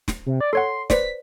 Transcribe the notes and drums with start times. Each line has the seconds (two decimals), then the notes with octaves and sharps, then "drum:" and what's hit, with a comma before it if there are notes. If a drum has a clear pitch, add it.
0.08 drum: snare
0.26 C3
0.41 D5
0.53 A4 C#5 F#5 C6
0.90 B4 C5 D5 B6, drum: snare